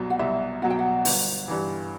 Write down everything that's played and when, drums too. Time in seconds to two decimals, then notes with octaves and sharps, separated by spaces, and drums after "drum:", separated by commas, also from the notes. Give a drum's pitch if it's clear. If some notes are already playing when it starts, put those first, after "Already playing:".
Already playing: C2 B2 F#3
0.10 F#5
0.19 C2 E5
0.62 B2 F#3 F#5
0.70 G5
0.79 F#5
1.05 G1 B4, drum: open hi-hat
1.48 G2 E3